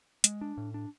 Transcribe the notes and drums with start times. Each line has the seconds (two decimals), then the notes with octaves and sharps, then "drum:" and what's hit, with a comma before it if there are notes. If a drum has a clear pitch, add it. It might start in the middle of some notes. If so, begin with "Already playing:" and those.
0.24 G#3, drum: hi-hat
0.41 D4
0.57 A2
0.74 D4